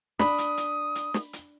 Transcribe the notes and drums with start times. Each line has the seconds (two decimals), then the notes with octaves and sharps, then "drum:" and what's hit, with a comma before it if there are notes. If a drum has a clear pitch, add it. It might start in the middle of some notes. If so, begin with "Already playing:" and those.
0.19 D4 B5 D#6, drum: snare
0.38 drum: hi-hat
0.57 drum: hi-hat
0.95 drum: hi-hat
1.14 drum: snare
1.33 drum: hi-hat